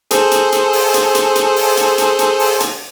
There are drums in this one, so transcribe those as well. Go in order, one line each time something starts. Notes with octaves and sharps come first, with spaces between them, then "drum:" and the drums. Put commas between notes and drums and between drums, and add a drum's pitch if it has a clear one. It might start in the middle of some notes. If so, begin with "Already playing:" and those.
G#4 A4 C5, drum: hi-hat
drum: hi-hat
drum: hi-hat
drum: open hi-hat
drum: hi-hat
drum: hi-hat
drum: hi-hat
drum: open hi-hat
drum: hi-hat
drum: hi-hat
drum: hi-hat
drum: open hi-hat
drum: hi-hat